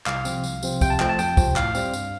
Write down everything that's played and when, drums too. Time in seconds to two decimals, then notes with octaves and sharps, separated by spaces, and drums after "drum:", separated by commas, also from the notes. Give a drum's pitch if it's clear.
0.06 C2 F5, drum: clap
0.25 C3 F3 C4, drum: tambourine
0.44 C2, drum: tambourine
0.63 C3 F3 C4, drum: tambourine
0.81 C3 G5, drum: kick, tambourine
0.90 A5
1.00 F3 A3 G5, drum: clap
1.09 A5
1.19 F2 G5, drum: tambourine
1.37 C3 F3, drum: kick, tambourine
1.56 A2 F5, drum: clap
1.75 G3 C4, drum: tambourine
1.94 G2, drum: tambourine